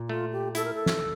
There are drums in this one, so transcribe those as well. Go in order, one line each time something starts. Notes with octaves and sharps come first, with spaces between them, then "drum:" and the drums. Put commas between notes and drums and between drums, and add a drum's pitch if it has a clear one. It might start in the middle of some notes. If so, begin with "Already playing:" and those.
Already playing: A#2
A3 F4
G4
E4 A4, drum: hi-hat
A#4
A4
drum: snare